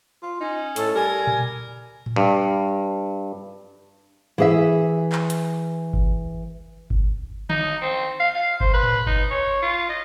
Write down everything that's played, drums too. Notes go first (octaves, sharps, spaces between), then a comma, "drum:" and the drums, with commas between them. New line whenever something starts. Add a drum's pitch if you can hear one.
F4
C#4 D#4
A2 A4, drum: hi-hat
G3 A#4 G#5
drum: tom A#2
drum: tom A2
G2
E3 G#4 E5
drum: clap
drum: hi-hat
drum: kick G1
drum: kick G1
D#4, drum: tom D3
C4
F5
F5
C5, drum: kick G1
B4
drum: tom A2
D#4, drum: kick G1
C#5
F4
D#5